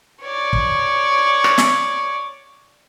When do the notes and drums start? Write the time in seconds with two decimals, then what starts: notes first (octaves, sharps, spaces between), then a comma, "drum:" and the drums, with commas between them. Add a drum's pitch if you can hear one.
0.22 C#5 D5
0.53 drum: kick
1.44 drum: rim click
1.58 drum: snare